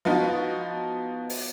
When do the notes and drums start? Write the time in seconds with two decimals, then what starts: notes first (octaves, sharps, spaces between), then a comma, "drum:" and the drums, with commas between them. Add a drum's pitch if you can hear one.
0.05 F3 B3 D#4 F#4
1.30 drum: open hi-hat